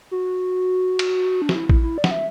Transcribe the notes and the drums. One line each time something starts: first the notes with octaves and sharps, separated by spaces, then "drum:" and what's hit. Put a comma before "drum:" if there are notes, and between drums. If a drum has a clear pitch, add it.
F#4
drum: cymbal
D4
F#4, drum: snare
E4
E4, drum: kick
E4
D5
F#5, drum: snare
E5